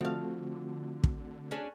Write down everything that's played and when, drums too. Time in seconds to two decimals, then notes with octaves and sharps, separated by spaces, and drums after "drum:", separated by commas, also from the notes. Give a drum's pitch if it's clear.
0.01 D3 F3 A3 C4 F#4 F5
1.04 drum: kick
1.51 C#4 D4 G#4